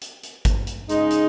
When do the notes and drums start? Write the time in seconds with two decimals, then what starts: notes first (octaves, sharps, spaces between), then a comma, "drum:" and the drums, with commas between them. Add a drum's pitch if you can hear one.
0.01 drum: hi-hat
0.23 drum: hi-hat
0.45 drum: kick G#1, hi-hat
0.67 drum: hi-hat
0.89 C#3 G#3 D#4, drum: hi-hat
1.11 drum: hi-hat